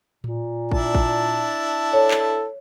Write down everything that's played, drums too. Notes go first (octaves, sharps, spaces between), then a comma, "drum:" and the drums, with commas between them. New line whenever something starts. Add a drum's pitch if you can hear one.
A#2, drum: tom A2
D4 E4 A5, drum: kick
drum: kick
A4 C#5
drum: clap